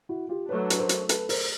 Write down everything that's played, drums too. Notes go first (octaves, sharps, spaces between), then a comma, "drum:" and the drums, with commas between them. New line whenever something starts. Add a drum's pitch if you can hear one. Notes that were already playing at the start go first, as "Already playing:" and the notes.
E4 F#4
F4 G4
F#3 A3 D4 B4 C#5
B4, drum: hi-hat
A#4 C5
drum: hi-hat
A4 B4, drum: hi-hat
A#4 C5, drum: open hi-hat